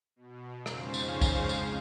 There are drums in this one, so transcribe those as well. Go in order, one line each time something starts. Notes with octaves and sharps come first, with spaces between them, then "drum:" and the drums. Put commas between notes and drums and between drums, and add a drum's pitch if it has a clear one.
B2
F2 G#2 C#3 C#4 C5 F5, drum: rim click
drum: tambourine
drum: kick, tambourine
drum: tambourine